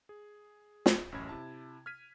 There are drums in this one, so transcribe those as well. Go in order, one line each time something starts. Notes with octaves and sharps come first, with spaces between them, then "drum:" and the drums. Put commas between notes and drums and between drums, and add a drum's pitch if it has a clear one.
G#4
drum: snare
A1 F#2 C#4 B5 G#6
C3 E4 A5
F6 G#6 B6 D#7